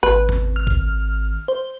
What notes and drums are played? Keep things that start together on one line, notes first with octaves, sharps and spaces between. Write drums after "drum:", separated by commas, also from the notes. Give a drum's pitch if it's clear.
G#1 B4
drum: tom E2
F6
drum: kick A#1
C5